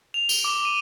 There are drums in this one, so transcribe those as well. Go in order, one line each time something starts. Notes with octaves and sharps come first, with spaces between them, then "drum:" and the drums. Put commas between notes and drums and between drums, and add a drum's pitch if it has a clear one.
F7
G7, drum: tambourine
D6
D#7